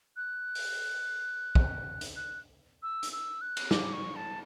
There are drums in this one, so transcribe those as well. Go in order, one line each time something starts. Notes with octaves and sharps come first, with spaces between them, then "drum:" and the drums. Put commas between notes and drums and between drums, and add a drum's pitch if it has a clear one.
F#6
drum: open hi-hat
drum: kick
drum: hi-hat
F#6
E6
drum: hi-hat
E6
F#6
drum: cymbal
D6, drum: snare
C#6
A5